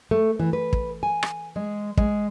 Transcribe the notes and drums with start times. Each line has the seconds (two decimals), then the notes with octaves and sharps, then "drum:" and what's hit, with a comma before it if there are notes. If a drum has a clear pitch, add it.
0.11 A3
0.39 E3
0.53 B4
0.73 drum: kick
1.03 G#5
1.23 drum: rim click
1.56 G#3
1.97 G#3, drum: kick